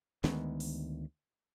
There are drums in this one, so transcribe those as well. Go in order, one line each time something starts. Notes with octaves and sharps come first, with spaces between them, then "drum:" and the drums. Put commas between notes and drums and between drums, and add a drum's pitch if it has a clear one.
D2 D#3 G#3 B3, drum: snare
drum: open hi-hat